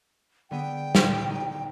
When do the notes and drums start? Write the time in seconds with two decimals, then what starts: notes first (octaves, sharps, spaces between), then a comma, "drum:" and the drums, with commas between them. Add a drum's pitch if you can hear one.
0.51 D3 B3 G#4 G5
0.95 drum: snare
1.30 D#4